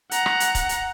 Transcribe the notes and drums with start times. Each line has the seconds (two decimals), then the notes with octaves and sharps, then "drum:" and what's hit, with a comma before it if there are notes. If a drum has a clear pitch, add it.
0.11 F#5 A#5, drum: hi-hat
0.26 drum: rim click
0.40 drum: hi-hat
0.55 drum: kick C#1, hi-hat
0.69 drum: hi-hat